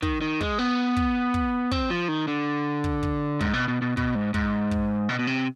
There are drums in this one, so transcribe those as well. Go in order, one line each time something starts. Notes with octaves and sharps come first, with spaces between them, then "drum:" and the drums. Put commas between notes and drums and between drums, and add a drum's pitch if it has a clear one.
D#3, drum: kick
D#3
G#3, drum: kick
B3
drum: kick
drum: kick
C4, drum: kick
F3
D#3
D3
drum: kick
drum: kick
G#2, drum: kick
B2
B2
B2
B2, drum: kick
G#2
G#2, drum: kick
drum: kick
B2
B2
C3